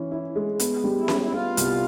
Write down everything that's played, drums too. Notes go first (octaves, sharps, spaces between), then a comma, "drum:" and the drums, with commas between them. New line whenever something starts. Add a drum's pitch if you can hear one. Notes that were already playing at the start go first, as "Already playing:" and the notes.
Already playing: E3 C#4
E4
G#3
B3, drum: hi-hat
G3
E4
B3, drum: snare C#4
E4
B3 F4
C2, drum: hi-hat